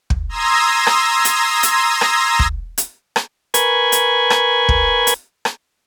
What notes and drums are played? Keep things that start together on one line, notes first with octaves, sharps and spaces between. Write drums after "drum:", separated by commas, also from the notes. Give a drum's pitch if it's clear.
drum: kick
A#5 C6 D#6 E6 G#6 A#6
drum: rim click
drum: hi-hat
drum: hi-hat
drum: rim click
drum: kick
drum: hi-hat
drum: rim click
A#4 B4 G#5 B5 C#6 G#6, drum: hi-hat
drum: hi-hat
drum: rim click
drum: kick
drum: hi-hat
drum: rim click